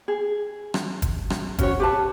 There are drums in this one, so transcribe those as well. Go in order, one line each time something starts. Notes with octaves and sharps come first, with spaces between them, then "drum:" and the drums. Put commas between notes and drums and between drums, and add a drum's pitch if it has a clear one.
G#4
drum: rim click
drum: kick, hi-hat
drum: rim click
C#4 F#4 C#5, drum: kick, hi-hat
G4 B4 A5